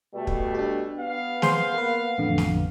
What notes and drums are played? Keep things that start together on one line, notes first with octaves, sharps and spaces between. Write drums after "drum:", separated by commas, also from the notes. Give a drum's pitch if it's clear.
B2 G3 A3
drum: kick
D4 G4
B3 F5
G#4 C5 C6, drum: snare
A#3 B4
A1 F2 D3
drum: snare